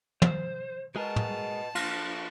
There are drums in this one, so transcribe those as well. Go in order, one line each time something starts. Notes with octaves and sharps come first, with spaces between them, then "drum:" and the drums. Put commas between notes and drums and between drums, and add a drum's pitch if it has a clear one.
C5, drum: tom
G#3 G#4 A#4 B4 D#5 A5
drum: tom
F3 D4 F4, drum: cymbal